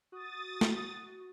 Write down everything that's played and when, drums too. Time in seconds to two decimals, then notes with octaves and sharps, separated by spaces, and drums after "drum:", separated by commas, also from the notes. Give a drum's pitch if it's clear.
0.12 F#4 D#6 A6
0.61 drum: snare